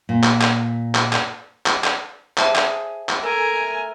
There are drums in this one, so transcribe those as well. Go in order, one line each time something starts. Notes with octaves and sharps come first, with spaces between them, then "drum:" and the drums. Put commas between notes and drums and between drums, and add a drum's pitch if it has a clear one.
A#2
drum: clap
drum: clap
drum: clap
drum: clap
drum: clap
drum: clap
G#4 C5 E5 A5, drum: clap
drum: clap
drum: clap
A3 A#4 G#5